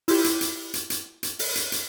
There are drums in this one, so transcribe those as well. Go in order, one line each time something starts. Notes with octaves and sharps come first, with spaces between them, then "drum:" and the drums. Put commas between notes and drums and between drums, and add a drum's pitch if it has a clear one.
E4 F4 G4, drum: open hi-hat
drum: hi-hat
drum: hi-hat
drum: hi-hat
drum: hi-hat
drum: hi-hat
drum: open hi-hat
drum: hi-hat
drum: hi-hat